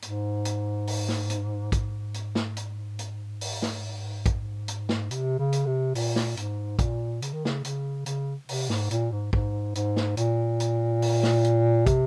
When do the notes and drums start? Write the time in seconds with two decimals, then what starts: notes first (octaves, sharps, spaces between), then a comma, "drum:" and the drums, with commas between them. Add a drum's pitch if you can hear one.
0.02 G#2, drum: hi-hat
0.45 drum: hi-hat
0.87 drum: open hi-hat
1.09 drum: snare
1.30 drum: hi-hat
1.72 G#2, drum: kick, hi-hat
2.14 drum: hi-hat
2.35 drum: snare
2.56 drum: hi-hat
2.99 drum: hi-hat
3.41 drum: open hi-hat
3.62 drum: snare
4.26 drum: kick, hi-hat
4.68 drum: hi-hat
4.89 drum: snare
5.11 C3, drum: hi-hat
5.39 C#3
5.52 drum: hi-hat
5.66 C3
5.95 A#2, drum: open hi-hat
6.16 drum: snare
6.37 G#2, drum: hi-hat
6.79 A#2, drum: kick, hi-hat
7.22 C#3, drum: hi-hat
7.33 D#3
7.45 C#3, drum: snare
7.64 C#3, drum: hi-hat
8.06 C#3, drum: hi-hat
8.49 C3, drum: open hi-hat
8.70 G#2, drum: snare
8.91 A#2, drum: hi-hat
9.12 G#2
9.33 G#2, drum: kick
9.75 G#2, drum: hi-hat
9.96 drum: snare
10.17 A#2, drum: hi-hat
10.60 drum: hi-hat
11.02 drum: open hi-hat
11.23 drum: snare
11.44 drum: hi-hat
11.86 C3, drum: kick, hi-hat